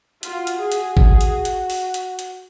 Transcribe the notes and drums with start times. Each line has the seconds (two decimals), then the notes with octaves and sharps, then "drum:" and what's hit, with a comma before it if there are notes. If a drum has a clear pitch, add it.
0.23 F4 F#4, drum: hi-hat
0.47 drum: hi-hat
0.60 G#4
0.72 drum: hi-hat
0.97 G#4, drum: kick G#1
1.21 drum: hi-hat
1.45 drum: hi-hat
1.70 drum: open hi-hat
1.94 drum: hi-hat
2.19 drum: hi-hat